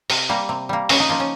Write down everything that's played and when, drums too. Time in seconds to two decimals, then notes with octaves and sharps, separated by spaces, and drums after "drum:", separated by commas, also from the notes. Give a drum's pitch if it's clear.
0.10 C3, drum: open hi-hat
0.29 G3 A#3
0.49 C3
0.69 G3 A#3
0.89 C#3 C#4, drum: open hi-hat
1.00 D#4
1.09 F3 A#3 F4
1.20 C#4